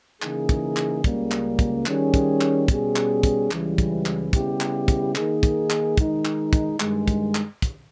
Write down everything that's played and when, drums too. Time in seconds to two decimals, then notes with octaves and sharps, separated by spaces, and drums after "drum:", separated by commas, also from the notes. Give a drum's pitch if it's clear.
0.22 C#3 E3 A#3 D#4 G#4, drum: clap
0.49 drum: kick, hi-hat
0.77 drum: clap
1.04 C#2 C#3 G3 A#3, drum: kick, hi-hat
1.31 drum: clap
1.59 drum: kick, hi-hat
1.86 D#3 G3 C#4 G#4, drum: clap
2.14 drum: kick, hi-hat
2.41 drum: clap
2.68 B2 G3 C#4 G#4, drum: kick, hi-hat
2.96 drum: clap
3.23 drum: kick, hi-hat
3.51 C#2 C#3 E3 G3, drum: clap
3.78 drum: kick, hi-hat
4.06 drum: clap
4.33 C#3 G3 B3 E4 G4, drum: kick, hi-hat
4.61 drum: clap
4.88 drum: kick, hi-hat
5.15 D#3 A#3 D#4 G#4, drum: clap
5.43 drum: kick, hi-hat
5.70 drum: clap
5.97 D#3 G#3 D#4, drum: kick, hi-hat
6.25 drum: clap
6.53 drum: kick, hi-hat
6.80 G2 D#3 G#3, drum: clap
7.08 drum: kick, hi-hat
7.35 drum: clap
7.62 drum: kick, hi-hat